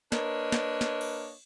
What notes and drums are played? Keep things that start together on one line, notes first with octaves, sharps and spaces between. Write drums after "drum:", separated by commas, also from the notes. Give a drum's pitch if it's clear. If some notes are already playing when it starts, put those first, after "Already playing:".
A#3 D4 A#4 B4 C#5 D#5, drum: snare
drum: snare
drum: snare
drum: cymbal